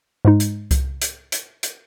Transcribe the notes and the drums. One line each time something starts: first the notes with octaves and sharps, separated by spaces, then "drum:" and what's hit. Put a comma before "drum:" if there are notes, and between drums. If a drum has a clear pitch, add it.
G#2 G#3 D#4
drum: hi-hat
drum: kick C2, hi-hat
drum: hi-hat
drum: hi-hat
drum: hi-hat